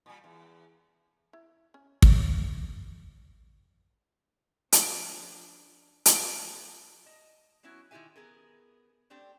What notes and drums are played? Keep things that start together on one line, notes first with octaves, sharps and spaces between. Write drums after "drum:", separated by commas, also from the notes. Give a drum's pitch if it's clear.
A#2 G3
E2
E4
C#4
F4 A4 C#5, drum: kick
F3 C#4 D4, drum: hi-hat
drum: hi-hat
D#5 A5
F#3 B3 C#4 E4 F#4
D#3 E4 F4 G4 E5 G#5
B3 G#4 A#4
A3 C4 D4 G4